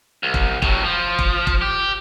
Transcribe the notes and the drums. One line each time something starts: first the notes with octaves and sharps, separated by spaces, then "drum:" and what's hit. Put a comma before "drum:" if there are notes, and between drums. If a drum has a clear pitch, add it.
C2
drum: kick E1
A2 F#3, drum: kick E1
F3
drum: kick E1
drum: kick E1
G4